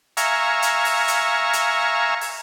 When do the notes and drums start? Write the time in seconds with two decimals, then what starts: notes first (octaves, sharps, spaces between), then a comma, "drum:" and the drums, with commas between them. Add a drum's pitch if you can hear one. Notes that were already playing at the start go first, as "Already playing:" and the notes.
0.17 E5 F5 G#5 A#5 C#6, drum: hi-hat
0.62 drum: hi-hat
0.85 drum: open hi-hat
1.08 drum: hi-hat
1.53 drum: hi-hat
2.21 drum: open hi-hat